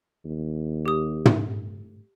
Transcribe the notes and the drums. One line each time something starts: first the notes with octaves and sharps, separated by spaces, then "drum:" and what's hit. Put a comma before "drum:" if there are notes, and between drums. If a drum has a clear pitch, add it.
D#2
G4 D#6
drum: tom